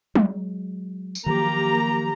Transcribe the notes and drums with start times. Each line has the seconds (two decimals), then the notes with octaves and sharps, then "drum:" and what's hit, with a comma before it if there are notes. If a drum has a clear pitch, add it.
0.15 F#3 G#3, drum: tom
1.15 drum: tambourine
1.26 D#3 F3 F#3 A#3 G4 A#5